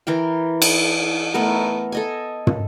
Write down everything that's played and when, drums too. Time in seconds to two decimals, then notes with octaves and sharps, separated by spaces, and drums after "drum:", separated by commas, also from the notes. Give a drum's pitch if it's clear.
0.07 E3 A#4 G5
0.62 drum: cymbal
1.34 A3 B3 A#4
1.92 A4 D#5 G#5
2.47 drum: tom